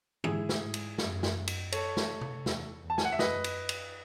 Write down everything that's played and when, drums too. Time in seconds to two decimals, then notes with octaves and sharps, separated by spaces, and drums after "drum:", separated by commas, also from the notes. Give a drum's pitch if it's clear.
0.24 G#2 E4 G#4, drum: tom
0.49 drum: snare
0.62 G#2
0.74 drum: cymbal
0.98 F#2, drum: snare
1.23 drum: snare
1.48 drum: cymbal
1.72 A4 C#5, drum: cymbal
1.97 drum: snare
2.21 drum: tom C3
2.46 E2, drum: snare
2.83 E2
2.90 A5
2.98 G#5, drum: snare
3.05 F#5
3.12 E5
3.19 F#2 B4 D#5, drum: snare
3.44 drum: cymbal
3.69 drum: cymbal